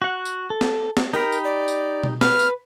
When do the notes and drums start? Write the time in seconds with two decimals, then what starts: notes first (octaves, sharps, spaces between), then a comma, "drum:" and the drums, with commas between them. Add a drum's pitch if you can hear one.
0.02 F#4 F#5
0.25 drum: tambourine
0.50 A4
0.61 drum: snare
0.97 drum: snare
1.14 D#4 G4 A#4 B5
1.32 drum: tambourine
1.44 D5
1.68 drum: tambourine
2.03 drum: tom B2
2.21 B4 F6, drum: snare
2.39 drum: tambourine